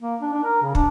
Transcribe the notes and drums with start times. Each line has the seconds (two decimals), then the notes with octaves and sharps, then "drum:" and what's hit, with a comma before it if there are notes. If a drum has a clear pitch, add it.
0.02 A#3
0.21 D4
0.33 D4
0.44 A#4
0.63 C#3
0.75 D4, drum: kick